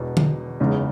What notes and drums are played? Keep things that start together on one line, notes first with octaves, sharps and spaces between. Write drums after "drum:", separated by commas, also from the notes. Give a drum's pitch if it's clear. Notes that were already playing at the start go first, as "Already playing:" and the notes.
Already playing: E1 E2 B2
drum: tom D3
F#1 E2 C#3 G#3